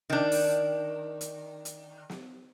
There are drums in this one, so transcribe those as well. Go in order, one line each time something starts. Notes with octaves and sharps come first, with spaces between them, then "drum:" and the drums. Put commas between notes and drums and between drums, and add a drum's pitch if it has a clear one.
D#3 D4
drum: open hi-hat
drum: hi-hat
drum: hi-hat
drum: snare